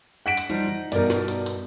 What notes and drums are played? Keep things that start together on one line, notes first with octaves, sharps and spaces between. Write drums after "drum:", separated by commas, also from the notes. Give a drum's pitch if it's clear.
F#5 B6 D7
drum: hi-hat
F3 G3 D#4
D#4
G2 B2 D#4 A#4 D5, drum: hi-hat
drum: snare
drum: hi-hat
drum: hi-hat